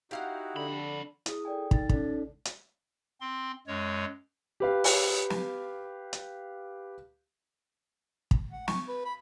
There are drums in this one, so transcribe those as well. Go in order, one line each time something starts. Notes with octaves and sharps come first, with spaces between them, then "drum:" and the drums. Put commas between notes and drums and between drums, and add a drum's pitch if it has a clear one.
D#4 E4 F#4 G4 F5 F#5
F2 D3 B5
E4 G#4 D#6, drum: hi-hat
A4 D5 G5 G#5
D#4 A6, drum: kick
C#4 D#4 A4 D5, drum: kick
drum: hi-hat
C4 C6
F#2 G#3 C#5
G4 B4 F5
drum: open hi-hat
drum: snare
drum: hi-hat
drum: kick
F#5
C#6, drum: snare
B4
B5